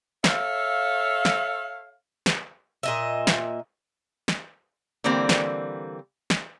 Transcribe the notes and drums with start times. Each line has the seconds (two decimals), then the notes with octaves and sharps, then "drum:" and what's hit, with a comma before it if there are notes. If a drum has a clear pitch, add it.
0.24 A4 C#5 E5 F5, drum: snare
1.25 drum: snare
2.26 drum: snare
2.83 A#2 D#5 E5
3.27 drum: snare
4.28 drum: snare
5.04 D3 E3 G3 A#3 C4
5.29 drum: snare
6.30 drum: snare